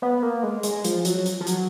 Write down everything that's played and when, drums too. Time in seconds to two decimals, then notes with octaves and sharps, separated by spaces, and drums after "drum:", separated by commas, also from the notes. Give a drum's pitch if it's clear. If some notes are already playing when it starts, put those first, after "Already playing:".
0.02 B3
0.23 A#3
0.43 G#3
0.63 G#3, drum: hi-hat
0.84 F3, drum: hi-hat
1.05 F#3, drum: hi-hat
1.26 drum: hi-hat
1.41 F3
1.47 F#3, drum: hi-hat